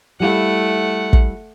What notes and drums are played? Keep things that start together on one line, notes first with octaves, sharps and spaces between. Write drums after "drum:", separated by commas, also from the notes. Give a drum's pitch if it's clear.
G3 A3 E4 F5 F#5
drum: kick